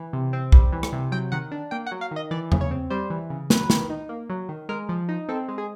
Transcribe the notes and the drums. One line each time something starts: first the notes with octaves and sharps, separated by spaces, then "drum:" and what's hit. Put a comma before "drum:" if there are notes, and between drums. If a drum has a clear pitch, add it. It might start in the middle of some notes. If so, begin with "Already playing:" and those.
Already playing: E3
C3
C4
G3, drum: kick B1
E3
drum: rim click
C3
F#3 G5
D#3 F#5
D4
A#3 G5
F#5
F#3
F5
D#3
D#5
E3 D5
C#3, drum: tom E2
C#5
C4
G3 C5
E3
C#3
F#3 B4, drum: snare
D#3, drum: snare
D#4
A#3
F#3
D#3
G#3 A#4
F3
D#4
C4 A4
G#3
G#4